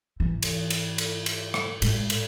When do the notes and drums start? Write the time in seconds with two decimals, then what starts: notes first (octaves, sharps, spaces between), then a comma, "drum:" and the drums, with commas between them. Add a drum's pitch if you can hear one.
0.20 G#2 E3
0.43 drum: cymbal
0.70 drum: cymbal
0.98 drum: cymbal
1.26 drum: cymbal
1.54 drum: rim click
1.82 A2 G#3, drum: cymbal
2.10 drum: cymbal